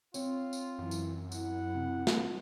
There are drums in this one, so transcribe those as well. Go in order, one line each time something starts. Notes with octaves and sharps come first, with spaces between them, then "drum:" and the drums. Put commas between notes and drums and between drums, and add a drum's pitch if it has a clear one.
C4 F4 C#5, drum: tambourine
drum: tambourine
F#2 E3
drum: tambourine
E4 F#5, drum: tambourine
C3
drum: snare